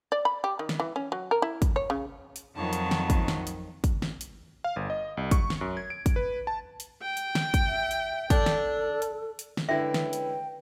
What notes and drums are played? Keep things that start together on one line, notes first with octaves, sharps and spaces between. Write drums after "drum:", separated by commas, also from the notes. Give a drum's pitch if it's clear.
D5
B5
G4
D#3
drum: snare
E3
C#4
F#3
A#4
E4
drum: kick, hi-hat
C#5
C#3
drum: hi-hat
F2 D#3 F#3 C#5 A5
drum: hi-hat
drum: snare
drum: kick, hi-hat
drum: snare
drum: hi-hat
drum: kick, hi-hat
drum: snare
drum: hi-hat
F5
G1
D#5
C2
C#6, drum: kick, hi-hat
drum: snare
F#2
G#6
D7
drum: kick, hi-hat
B4
A5
drum: hi-hat
G5
drum: hi-hat
drum: snare
drum: kick, hi-hat
E5
drum: hi-hat
D4 A4, drum: kick, hi-hat
drum: snare
drum: hi-hat
drum: hi-hat
drum: snare
D3 G#3 C#4 E4 B4 E5 G5
drum: snare
drum: hi-hat